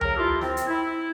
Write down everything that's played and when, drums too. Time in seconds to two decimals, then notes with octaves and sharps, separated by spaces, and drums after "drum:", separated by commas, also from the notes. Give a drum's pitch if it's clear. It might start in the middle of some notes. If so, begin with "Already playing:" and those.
0.01 C#3 F#3 A#4, drum: tom D2
0.16 E4 F4 G4 A4
0.41 C4, drum: snare
0.57 drum: hi-hat
0.67 E4